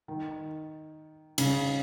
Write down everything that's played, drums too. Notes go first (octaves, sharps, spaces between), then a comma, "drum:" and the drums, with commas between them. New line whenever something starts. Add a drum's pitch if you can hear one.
D#3
C#3, drum: cymbal